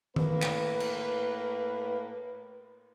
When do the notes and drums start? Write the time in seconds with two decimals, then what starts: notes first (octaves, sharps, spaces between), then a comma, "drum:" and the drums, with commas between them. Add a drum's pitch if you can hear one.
0.16 A2 A#3 B4, drum: tom D#3
0.42 drum: clap
0.80 drum: cymbal